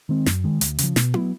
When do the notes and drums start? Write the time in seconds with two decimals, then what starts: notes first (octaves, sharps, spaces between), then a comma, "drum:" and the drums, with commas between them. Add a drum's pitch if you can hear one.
0.09 D#3 G#3 C4
0.26 F#2, drum: snare
0.44 D#3 G#3
0.61 D2, drum: hi-hat
0.79 C#3 F3, drum: hi-hat
0.96 B2, drum: snare
1.14 F#3 B3, drum: tom E4